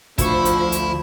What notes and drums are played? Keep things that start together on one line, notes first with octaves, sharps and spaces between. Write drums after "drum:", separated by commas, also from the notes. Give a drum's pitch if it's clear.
D2 F3 E4 C5 B5 C#6, drum: kick, hi-hat
drum: hi-hat
drum: hi-hat